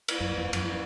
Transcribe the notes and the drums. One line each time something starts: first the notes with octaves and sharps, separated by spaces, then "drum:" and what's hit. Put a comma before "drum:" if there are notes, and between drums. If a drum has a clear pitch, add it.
drum: cymbal
F#2
F2
F#2, drum: cymbal